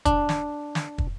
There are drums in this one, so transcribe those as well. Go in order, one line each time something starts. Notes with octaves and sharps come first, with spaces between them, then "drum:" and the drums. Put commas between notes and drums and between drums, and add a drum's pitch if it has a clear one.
D4, drum: kick, hi-hat
drum: snare
drum: snare
drum: kick